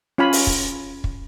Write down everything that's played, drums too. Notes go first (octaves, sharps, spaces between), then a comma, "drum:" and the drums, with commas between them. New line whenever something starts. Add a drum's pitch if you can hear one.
C#4 F4 F5 G#5 B5
drum: open hi-hat
drum: kick
drum: kick